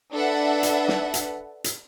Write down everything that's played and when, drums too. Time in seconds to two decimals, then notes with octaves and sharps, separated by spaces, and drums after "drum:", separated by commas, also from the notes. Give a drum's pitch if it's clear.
0.12 D4 A4 B4 E5 F#5
0.63 drum: hi-hat
0.88 drum: snare
1.14 drum: hi-hat
1.64 drum: hi-hat